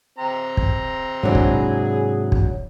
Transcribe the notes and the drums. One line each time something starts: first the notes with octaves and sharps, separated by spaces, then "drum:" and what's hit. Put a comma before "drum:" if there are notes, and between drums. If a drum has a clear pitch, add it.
C4 A#5
drum: kick
G#2 C3 E3 F#3 D4 E4 G#4
drum: kick
drum: kick